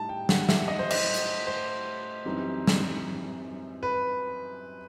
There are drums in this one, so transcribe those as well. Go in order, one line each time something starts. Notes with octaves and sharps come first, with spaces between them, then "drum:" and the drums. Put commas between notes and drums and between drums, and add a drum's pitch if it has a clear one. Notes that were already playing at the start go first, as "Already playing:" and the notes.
Already playing: A2 G3 D#4 A5
G5
F#5, drum: snare
E5, drum: snare
D#5
C5
D#5, drum: cymbal
drum: hi-hat
C5
F#2 E3 G3 C4 D#4
drum: snare
B4